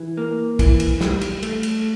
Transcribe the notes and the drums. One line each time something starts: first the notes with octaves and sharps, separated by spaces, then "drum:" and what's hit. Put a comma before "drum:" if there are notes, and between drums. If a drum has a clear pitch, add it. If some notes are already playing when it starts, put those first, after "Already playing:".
Already playing: E3
A#3
E3, drum: kick, cymbal
drum: cymbal
G3, drum: snare
drum: cymbal
A3, drum: cymbal
drum: cymbal